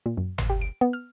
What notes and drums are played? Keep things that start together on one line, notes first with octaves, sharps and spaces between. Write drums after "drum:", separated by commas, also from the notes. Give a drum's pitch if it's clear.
A#2
F#2
C6, drum: tom
G4
D7
B3
F6